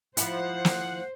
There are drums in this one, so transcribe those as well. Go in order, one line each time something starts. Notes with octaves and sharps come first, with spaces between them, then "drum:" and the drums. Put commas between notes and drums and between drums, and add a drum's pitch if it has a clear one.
F3 E4 C5 F#5, drum: hi-hat
drum: snare